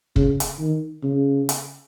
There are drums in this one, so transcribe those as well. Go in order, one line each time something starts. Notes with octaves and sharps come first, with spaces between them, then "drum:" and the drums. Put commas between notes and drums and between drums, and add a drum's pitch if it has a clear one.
C#3, drum: kick
drum: hi-hat
D#3
C#3
drum: hi-hat